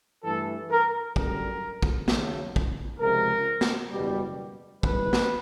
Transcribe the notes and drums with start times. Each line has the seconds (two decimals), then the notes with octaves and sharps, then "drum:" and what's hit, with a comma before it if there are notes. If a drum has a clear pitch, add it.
0.24 G2 E3 A3 A4
0.70 A#4
1.16 F#2 D3 G3 A#4, drum: kick
1.82 drum: kick
2.08 D#2 C#3 F#3 A3, drum: snare
2.56 drum: kick
2.99 C#2 C3 F3 G#3 A#4
3.61 drum: snare
3.91 F#1 E2 B2 G3
4.83 F#1 E2 C3 D#3 G3 B4, drum: kick
5.13 drum: snare